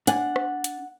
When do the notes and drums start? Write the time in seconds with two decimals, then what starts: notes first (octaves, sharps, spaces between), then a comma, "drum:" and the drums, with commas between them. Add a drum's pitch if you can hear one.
0.07 D4 F#5 G#5, drum: hi-hat
0.36 drum: rim click
0.64 drum: hi-hat